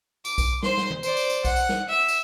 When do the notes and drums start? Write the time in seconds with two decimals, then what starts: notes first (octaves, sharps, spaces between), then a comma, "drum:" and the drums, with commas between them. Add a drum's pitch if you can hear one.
0.25 D6, drum: tambourine
0.38 drum: kick B1, tambourine
0.63 C5 C6, drum: snare
0.77 drum: snare
0.90 drum: tom D#3
1.03 C5 D5, drum: tambourine
1.17 drum: tambourine
1.30 drum: tambourine
1.45 F#5, drum: kick B1, tambourine
1.56 drum: tambourine
1.69 drum: snare
1.89 E5
2.08 drum: tambourine